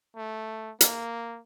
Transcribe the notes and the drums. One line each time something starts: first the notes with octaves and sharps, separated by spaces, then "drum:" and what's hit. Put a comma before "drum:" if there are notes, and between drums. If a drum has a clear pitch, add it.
A3
A#3, drum: hi-hat